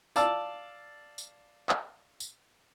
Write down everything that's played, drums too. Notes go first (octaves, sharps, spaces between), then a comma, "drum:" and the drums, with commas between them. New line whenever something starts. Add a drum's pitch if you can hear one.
D5 F5 A5 E6, drum: tambourine
drum: tambourine
drum: clap
drum: tambourine